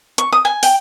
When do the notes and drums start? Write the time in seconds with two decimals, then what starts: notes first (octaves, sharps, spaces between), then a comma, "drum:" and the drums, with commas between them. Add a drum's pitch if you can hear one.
0.18 C#6, drum: hi-hat
0.32 D#6
0.45 G#5
0.63 G5, drum: open hi-hat